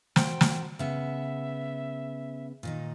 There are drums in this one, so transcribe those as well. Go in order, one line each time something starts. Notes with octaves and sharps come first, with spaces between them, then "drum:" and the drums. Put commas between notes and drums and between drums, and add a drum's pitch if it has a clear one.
F#4 C5 G5, drum: snare
drum: snare
C#3 B3 E5
A#2 D#3 D#4